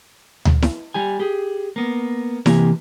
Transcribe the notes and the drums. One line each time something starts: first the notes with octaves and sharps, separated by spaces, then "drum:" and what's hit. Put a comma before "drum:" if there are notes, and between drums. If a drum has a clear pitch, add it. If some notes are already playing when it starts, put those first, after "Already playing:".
drum: tom D2
drum: snare E4
G3 G4 G#5
G4 G#4
A#3 B3
C3 E3 A#3 G4 G#5, drum: snare E4